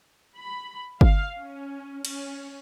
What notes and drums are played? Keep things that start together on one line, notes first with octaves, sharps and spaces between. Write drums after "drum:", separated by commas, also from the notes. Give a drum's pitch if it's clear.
B5
F5, drum: kick G1
C#4
C#4, drum: cymbal